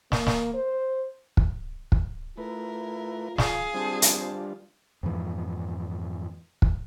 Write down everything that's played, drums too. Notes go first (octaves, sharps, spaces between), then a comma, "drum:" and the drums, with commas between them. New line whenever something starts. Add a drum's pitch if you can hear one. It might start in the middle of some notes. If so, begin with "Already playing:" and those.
A#3, drum: snare
drum: snare
C5
drum: kick
drum: kick
A3 E4 F4 A#4 B4
G#4 F5, drum: snare
G3 C4 D4 F4 C5 A5
drum: hi-hat
F2 G#2 E3 F3
drum: kick